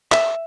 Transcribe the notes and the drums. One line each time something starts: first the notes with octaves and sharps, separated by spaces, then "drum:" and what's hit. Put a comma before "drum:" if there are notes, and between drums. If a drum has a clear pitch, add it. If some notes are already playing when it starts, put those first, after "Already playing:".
E5, drum: clap